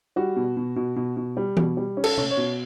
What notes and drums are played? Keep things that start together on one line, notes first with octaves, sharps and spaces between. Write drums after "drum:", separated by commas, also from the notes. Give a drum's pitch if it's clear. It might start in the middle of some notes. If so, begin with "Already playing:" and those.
G3 F#4
B2
B2
B2
B2
B2
G3
B2, drum: tom E3
G3
C#4
A4, drum: cymbal
C#4, drum: tom C3
C#5
B2